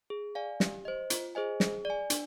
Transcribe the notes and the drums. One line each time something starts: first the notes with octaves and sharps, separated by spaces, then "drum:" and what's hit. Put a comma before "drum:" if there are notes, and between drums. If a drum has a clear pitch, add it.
G#4
D5 F5 G#5
G4, drum: snare
C5 D#5
F4, drum: hi-hat
G#4 C5 D#5 G#5
G#4, drum: snare
D5 G#5
D4, drum: hi-hat